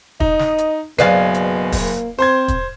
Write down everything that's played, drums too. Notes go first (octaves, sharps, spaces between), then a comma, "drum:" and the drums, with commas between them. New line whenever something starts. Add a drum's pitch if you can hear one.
D#4 D#5, drum: kick
drum: snare
drum: hi-hat
F#1 B2 G#4 B4 D5 F5 C7, drum: snare
drum: hi-hat
drum: kick, open hi-hat
A#3
C4 C5 C6 G#6
drum: kick, hi-hat